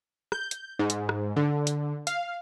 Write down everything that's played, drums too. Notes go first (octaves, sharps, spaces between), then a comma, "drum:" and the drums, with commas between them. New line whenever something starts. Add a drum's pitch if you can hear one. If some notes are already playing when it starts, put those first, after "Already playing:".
G6, drum: rim click
drum: hi-hat
G#2
drum: hi-hat
drum: rim click
D3
drum: hi-hat
F5, drum: hi-hat